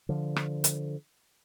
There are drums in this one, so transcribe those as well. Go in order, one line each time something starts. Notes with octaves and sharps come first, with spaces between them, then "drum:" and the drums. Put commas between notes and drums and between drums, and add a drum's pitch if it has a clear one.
D3 F3
drum: rim click
drum: hi-hat